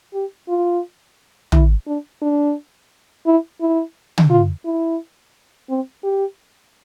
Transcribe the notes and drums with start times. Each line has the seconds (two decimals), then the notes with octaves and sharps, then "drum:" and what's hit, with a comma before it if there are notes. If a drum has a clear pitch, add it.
0.13 G4
0.48 F4
1.52 E4, drum: tom
1.86 D4
2.22 D4
3.26 E4
3.61 E4
4.18 drum: tom
4.30 F4
4.65 E4
5.69 C4
6.03 G4